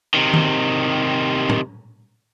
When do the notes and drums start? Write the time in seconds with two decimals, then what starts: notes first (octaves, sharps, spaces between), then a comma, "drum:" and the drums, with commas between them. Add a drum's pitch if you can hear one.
0.14 C3 D#3
0.33 drum: tom D#3
1.49 drum: tom